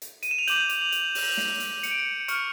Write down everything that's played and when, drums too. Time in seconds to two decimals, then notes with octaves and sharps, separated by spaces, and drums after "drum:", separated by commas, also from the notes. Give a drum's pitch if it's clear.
0.02 drum: hi-hat
0.23 D#7, drum: hi-hat
0.31 E7
0.39 F7
0.48 D6 G6 F#7, drum: hi-hat
0.69 F7, drum: hi-hat
0.82 F7
0.92 F#7, drum: hi-hat
1.15 drum: open hi-hat
1.37 drum: snare
1.60 drum: hi-hat
1.83 C#7, drum: hi-hat
1.91 D7
1.99 C#7
2.28 C#6 F6 C#7, drum: hi-hat